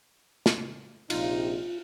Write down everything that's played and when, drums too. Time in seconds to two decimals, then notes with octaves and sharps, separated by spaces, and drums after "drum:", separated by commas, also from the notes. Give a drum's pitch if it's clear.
0.46 drum: snare
1.10 A#1 C3 D#4 F4, drum: cymbal